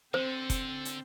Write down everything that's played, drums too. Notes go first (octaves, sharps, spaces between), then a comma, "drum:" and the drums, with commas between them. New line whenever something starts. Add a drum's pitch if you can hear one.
D3 C4 C5
drum: kick F1, hi-hat
drum: hi-hat